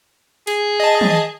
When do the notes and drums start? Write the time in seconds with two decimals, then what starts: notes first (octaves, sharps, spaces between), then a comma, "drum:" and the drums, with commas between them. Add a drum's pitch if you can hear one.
0.47 G#4, drum: hi-hat
0.80 D#5 A5
1.01 drum: tom